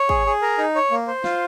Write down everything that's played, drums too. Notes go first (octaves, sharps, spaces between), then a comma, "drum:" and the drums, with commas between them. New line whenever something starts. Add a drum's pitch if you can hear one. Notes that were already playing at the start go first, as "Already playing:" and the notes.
Already playing: C#5
G#4, drum: kick
G#4
A#4
D#4
C#5
A#3
C5
F4, drum: snare